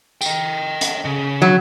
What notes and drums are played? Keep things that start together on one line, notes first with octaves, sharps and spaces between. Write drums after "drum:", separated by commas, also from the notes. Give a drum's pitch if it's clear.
D#5 G5, drum: tambourine
drum: hi-hat
C#3
F#3